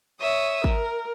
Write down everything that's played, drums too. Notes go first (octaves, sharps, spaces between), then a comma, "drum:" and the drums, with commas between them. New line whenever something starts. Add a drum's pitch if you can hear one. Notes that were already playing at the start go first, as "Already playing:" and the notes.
C#5 E5 D#6
A#4, drum: kick G#1